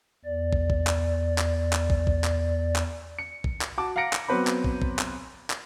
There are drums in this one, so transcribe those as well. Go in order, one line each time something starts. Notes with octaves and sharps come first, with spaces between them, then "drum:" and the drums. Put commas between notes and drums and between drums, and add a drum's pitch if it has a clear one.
E2 D5
drum: kick
drum: kick
drum: clap
drum: clap
drum: clap
drum: kick
drum: kick
drum: clap
drum: clap
C#7
drum: kick
drum: clap
F#4 A5 D6
F5 F#5 A#5 A#6 C#7 D7
drum: clap
F#3 B3 C4 B4 C5 B5
drum: clap
drum: kick
drum: kick
drum: clap
drum: clap